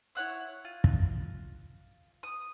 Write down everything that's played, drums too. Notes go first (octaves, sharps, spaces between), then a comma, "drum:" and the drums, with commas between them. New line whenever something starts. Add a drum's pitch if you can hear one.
E4 C#5 F#5 E6
F4
drum: kick
D#6